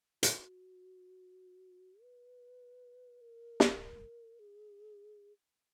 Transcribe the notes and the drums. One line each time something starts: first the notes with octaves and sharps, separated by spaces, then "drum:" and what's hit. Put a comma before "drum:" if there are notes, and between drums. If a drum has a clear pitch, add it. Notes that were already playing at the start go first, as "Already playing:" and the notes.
F#4, drum: hi-hat
B4
A#4
drum: snare
G#4